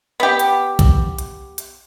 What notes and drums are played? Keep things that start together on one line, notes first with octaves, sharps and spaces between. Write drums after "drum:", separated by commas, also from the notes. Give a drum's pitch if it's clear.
B3 G4
drum: hi-hat
drum: kick B1, hi-hat
drum: hi-hat
drum: hi-hat